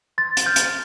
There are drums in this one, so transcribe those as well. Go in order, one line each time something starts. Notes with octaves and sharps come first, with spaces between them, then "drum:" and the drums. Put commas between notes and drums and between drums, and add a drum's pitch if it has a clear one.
C6 A6
drum: hi-hat
F6 G6
drum: hi-hat